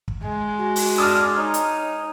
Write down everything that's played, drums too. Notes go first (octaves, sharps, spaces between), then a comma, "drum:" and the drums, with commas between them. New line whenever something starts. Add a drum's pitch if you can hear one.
drum: kick
G#3
F#4
drum: open hi-hat
D4 D#6 F6
D#4 C#5
drum: hi-hat